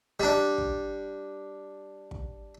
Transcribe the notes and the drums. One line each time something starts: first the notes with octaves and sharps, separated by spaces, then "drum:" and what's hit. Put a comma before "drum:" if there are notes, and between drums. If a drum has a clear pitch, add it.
G3 D4
drum: kick
drum: kick